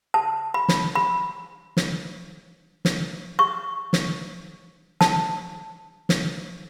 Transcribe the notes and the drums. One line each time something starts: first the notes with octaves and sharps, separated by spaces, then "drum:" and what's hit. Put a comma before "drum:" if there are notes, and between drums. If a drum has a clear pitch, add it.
A5
B5
drum: snare
B5
drum: snare
drum: snare
C#6
drum: snare
A5, drum: snare
drum: snare